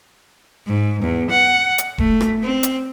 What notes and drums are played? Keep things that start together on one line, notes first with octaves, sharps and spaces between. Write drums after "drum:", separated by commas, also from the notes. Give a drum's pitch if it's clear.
G#2
E2
F#5
drum: hi-hat
A3, drum: kick E1
drum: rim click
C4
drum: hi-hat